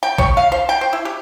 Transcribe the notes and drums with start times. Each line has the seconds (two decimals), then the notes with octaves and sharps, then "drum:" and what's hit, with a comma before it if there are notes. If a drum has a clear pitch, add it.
0.03 G5
0.18 C#5, drum: kick A#1
0.37 F5
0.52 C5
0.69 G5
0.81 C5
0.93 E4
1.05 G4